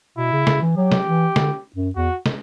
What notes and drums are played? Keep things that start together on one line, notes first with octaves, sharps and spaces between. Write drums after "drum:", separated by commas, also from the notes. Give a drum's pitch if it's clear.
B2 E4
C#3
C#3, drum: snare
E3
F#3 G4
drum: snare
E3
D3, drum: snare
F#2
E2 F#4
drum: snare